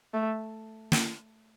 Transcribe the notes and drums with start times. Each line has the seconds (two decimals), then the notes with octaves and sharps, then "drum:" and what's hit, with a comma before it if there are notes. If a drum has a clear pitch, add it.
0.14 A3
0.92 drum: snare